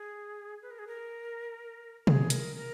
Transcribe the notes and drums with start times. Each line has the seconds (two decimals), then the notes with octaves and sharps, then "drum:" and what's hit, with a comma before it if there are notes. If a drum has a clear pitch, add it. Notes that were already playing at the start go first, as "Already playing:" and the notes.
Already playing: G#4
0.62 B4
0.71 A#4
0.79 G#4
0.88 A#4
2.07 G#4, drum: tom
2.30 A#4, drum: hi-hat
2.55 A#4